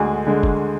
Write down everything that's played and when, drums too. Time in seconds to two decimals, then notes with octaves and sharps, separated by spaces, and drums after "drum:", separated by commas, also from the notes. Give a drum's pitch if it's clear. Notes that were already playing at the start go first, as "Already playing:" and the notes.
Already playing: D2 D3 G#3 G#4
0.27 D3 G#3
0.43 drum: kick